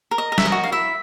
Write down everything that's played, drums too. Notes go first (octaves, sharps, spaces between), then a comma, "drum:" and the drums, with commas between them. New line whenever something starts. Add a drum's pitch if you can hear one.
A#4
D#5
A#4
E5, drum: snare
D#5
F#4
F5
E4 E5